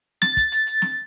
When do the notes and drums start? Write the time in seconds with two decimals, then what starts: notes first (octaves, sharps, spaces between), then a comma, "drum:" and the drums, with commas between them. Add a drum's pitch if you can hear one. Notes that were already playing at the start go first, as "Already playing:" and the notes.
0.22 A6, drum: snare
0.37 drum: kick, hi-hat
0.52 drum: hi-hat
0.67 drum: hi-hat
0.82 drum: snare